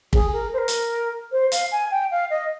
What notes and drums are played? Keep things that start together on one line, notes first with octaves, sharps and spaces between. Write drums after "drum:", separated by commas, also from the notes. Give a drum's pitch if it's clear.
G#4, drum: kick
A#4
C5
A#4
drum: hi-hat
C5
F5, drum: hi-hat
G#5
G5
F5
D#5